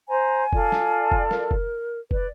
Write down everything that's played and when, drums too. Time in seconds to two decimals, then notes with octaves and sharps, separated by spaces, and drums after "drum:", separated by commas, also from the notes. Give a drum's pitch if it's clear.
0.08 C5 G#5 A#5
0.53 F4 A4 D5, drum: kick F1
0.72 drum: snare
1.12 drum: kick F1
1.31 A#4, drum: snare
1.51 drum: kick F1
2.11 B4 D5, drum: kick F1